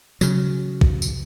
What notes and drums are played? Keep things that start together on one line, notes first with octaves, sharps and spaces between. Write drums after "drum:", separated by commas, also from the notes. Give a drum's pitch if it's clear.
C#3 F#3, drum: tambourine
drum: kick
drum: tambourine